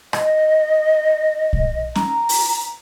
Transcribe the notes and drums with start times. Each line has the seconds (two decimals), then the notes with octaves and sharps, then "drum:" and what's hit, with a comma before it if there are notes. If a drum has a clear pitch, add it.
0.13 D#5, drum: rim click
1.53 drum: kick
1.95 A#5, drum: snare C#4
2.29 drum: open hi-hat